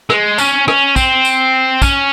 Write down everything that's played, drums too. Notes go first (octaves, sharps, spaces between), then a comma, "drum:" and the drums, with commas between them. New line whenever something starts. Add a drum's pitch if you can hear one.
G#3, drum: rim click
C#4, drum: tambourine
C#4, drum: rim click
C4, drum: kick, tambourine
drum: tambourine
C#4, drum: kick, tambourine